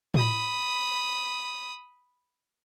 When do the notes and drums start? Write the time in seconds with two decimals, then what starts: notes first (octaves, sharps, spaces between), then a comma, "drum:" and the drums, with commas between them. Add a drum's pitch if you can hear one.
0.14 B5 D#6, drum: tom A2